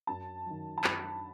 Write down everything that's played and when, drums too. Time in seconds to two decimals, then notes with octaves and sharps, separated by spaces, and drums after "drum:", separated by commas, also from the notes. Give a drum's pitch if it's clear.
0.07 F#2 A5
0.46 D#3 F#3
0.78 A5
0.84 F#2 B5, drum: clap